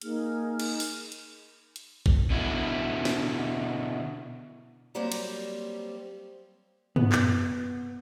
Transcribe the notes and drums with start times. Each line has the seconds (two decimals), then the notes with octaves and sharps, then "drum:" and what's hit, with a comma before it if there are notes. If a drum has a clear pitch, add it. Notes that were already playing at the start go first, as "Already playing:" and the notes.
0.02 A#3 D#4 G#4 F6, drum: hi-hat
0.59 drum: cymbal
0.80 drum: open hi-hat
1.12 drum: hi-hat
1.76 drum: hi-hat
2.06 drum: kick G#1
2.30 B2 D3 E4
3.05 drum: snare
4.95 F#3 G3 A#3 C4 C5 C#5
5.12 drum: cymbal
6.96 B3, drum: tom
7.12 drum: clap